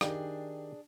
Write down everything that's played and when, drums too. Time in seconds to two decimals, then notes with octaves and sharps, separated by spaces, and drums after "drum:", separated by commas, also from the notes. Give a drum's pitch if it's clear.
0.01 D#3 D4 G4 G#4, drum: rim click